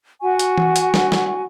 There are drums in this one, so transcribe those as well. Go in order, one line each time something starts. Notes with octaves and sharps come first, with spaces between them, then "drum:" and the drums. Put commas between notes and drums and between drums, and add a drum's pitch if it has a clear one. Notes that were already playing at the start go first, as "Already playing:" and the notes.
F#4 F#5 G#5 C#6
drum: hi-hat
drum: tom E3
drum: hi-hat
drum: snare
drum: snare